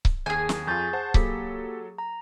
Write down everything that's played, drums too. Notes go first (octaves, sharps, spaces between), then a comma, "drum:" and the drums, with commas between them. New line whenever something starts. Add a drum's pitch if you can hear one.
drum: kick C#1
D#2 G#4 G#5
drum: snare
F2 F4 C#6 G6 A6
C5 F#5 A5
F#3 A#3 G4 A4 B6, drum: kick C#1
A#5